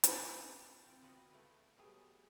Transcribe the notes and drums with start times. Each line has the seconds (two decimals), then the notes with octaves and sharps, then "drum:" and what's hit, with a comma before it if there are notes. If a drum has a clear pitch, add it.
0.04 drum: hi-hat
0.23 C4 E4 A4
0.86 C4 F4 D5
1.02 B3 F4 F#4 B4 D#5 F#5
1.30 A3 E4 F4 B4
1.77 F#3 G3 A3 B3 G#4